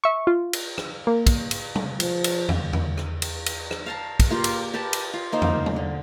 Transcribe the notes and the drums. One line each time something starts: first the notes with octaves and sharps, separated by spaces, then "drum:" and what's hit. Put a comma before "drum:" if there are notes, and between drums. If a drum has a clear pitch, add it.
E5 C#6
F4
drum: cymbal
drum: rim click
A#3
drum: kick, cymbal
drum: cymbal
drum: tom
F3, drum: cymbal
drum: cymbal
drum: tom E2
drum: tom E2
drum: rim click
drum: cymbal
drum: cymbal
drum: rim click
F5 A5 A#5
drum: kick, cymbal
A#3 F4 G4
drum: cymbal
G4 A#4 B4 A5
drum: cymbal
F4
A#3 D#4 C5
drum: tom E2
drum: tom
D3